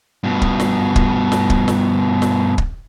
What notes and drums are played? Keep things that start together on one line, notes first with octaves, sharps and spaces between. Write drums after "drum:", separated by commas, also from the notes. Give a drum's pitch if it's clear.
G2 B2
drum: kick
drum: snare
drum: kick
drum: snare
drum: kick
drum: snare
drum: snare
drum: kick